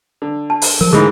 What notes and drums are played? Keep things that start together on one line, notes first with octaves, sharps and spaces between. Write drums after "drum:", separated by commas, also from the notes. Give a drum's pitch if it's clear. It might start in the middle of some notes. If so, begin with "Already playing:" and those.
D3
A5
drum: open hi-hat
F3 A#4
G#2 D3 E3 G#3 A3 D#4 G#4